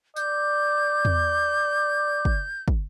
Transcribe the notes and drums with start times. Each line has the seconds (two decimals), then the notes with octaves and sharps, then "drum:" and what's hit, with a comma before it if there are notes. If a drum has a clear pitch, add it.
0.16 D5 G6, drum: tambourine
1.05 drum: tom E2
2.25 drum: kick
2.68 drum: kick